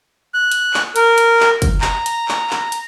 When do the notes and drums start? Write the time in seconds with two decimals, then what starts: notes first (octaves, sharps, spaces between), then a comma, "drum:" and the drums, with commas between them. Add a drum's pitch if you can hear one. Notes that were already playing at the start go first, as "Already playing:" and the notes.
0.34 F#6
0.52 drum: hi-hat
0.74 drum: clap
0.96 A#4, drum: hi-hat
1.18 drum: hi-hat
1.40 drum: clap
1.62 drum: kick, hi-hat
1.81 A#5, drum: clap
2.06 drum: hi-hat
2.28 drum: clap
2.50 drum: clap
2.72 drum: hi-hat